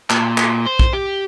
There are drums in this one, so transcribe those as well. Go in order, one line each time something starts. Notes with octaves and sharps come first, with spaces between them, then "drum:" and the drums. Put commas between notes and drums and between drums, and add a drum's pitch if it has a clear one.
A#2, drum: clap
drum: clap
C5
drum: kick A#1
G4